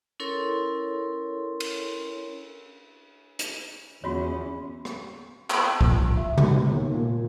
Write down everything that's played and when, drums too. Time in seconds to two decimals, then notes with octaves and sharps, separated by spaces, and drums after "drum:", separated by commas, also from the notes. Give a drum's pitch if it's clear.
0.20 C#4 E4 A4 A#4 C#5 C6
1.60 drum: cymbal
3.39 drum: hi-hat
4.04 E2 C#4 F4 F#4 C#5
4.85 drum: rim click
5.50 drum: clap
5.81 drum: kick
5.90 F3
6.17 E5
6.38 B1, drum: tom C3
6.71 D#2
6.94 A#2